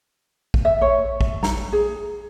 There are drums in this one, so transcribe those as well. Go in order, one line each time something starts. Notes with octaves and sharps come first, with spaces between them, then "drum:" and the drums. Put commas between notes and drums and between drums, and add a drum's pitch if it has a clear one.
drum: kick
E5
C#5
drum: kick
A#5, drum: snare
G#4